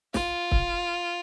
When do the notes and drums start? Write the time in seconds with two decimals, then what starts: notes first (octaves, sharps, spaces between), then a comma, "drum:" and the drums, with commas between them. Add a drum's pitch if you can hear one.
0.14 F4, drum: snare
0.51 drum: kick